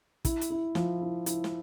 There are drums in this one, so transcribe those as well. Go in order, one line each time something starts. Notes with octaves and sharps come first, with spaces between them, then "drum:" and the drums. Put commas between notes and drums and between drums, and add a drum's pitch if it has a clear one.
E4, drum: kick, hi-hat
drum: hi-hat
E4
F3, drum: snare
E4
E4, drum: hi-hat
drum: snare